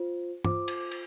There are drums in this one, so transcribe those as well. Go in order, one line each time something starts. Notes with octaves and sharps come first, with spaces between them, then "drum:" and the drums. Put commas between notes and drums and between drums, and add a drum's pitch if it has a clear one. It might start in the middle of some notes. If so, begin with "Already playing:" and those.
Already playing: F4 C5
F4 C5 D6, drum: tom
drum: cymbal
drum: cymbal